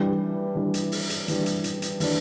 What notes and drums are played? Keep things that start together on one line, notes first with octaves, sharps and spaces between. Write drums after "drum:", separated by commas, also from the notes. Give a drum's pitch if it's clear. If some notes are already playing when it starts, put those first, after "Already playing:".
Already playing: E3 G3 D4
E3 G3 D4
drum: hi-hat
drum: open hi-hat
drum: hi-hat
E3 G3 D4, drum: hi-hat
drum: hi-hat
drum: hi-hat
drum: hi-hat
E3 G3 D4, drum: open hi-hat